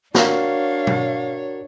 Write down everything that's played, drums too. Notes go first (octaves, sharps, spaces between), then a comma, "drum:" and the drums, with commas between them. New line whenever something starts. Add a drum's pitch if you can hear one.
D4 F#4 A#4 C#5 F5, drum: snare
drum: tom B2